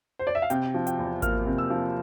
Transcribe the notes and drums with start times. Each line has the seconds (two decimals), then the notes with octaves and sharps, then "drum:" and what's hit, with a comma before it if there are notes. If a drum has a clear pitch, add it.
0.19 C5
0.27 D5
0.35 E5
0.42 F5
0.50 C3 G5, drum: hi-hat
0.74 F3
0.87 G5, drum: hi-hat
0.99 E2
1.22 A#3 F6, drum: kick G#1, hi-hat
1.46 C3
1.58 E6
1.70 F3